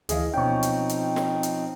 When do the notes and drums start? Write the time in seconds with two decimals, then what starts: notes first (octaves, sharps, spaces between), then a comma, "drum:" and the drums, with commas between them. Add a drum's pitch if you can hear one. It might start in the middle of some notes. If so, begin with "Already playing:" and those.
0.09 D2 E3 G#4 D#5 F5, drum: hi-hat
0.34 B2 F3 C4 C#4 D#4 G5 C#6
0.63 drum: hi-hat
0.89 drum: hi-hat
1.16 drum: snare
1.43 drum: hi-hat